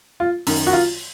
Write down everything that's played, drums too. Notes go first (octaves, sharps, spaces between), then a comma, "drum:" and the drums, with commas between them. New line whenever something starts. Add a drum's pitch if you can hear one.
F4
F#2 D#3, drum: open hi-hat
F#4
F4